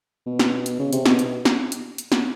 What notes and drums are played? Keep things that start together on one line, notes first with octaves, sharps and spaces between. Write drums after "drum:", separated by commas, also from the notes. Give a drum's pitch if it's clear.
B2
drum: snare
drum: hi-hat
C#3
C3, drum: hi-hat
B2, drum: snare
drum: hi-hat
drum: snare
drum: hi-hat
drum: hi-hat
drum: snare